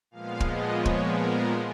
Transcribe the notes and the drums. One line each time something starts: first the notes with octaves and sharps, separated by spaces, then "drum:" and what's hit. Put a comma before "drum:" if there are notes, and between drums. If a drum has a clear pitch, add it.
A#2 F3 G#3 B3 F5
D#5, drum: kick
C#5
drum: kick
A#4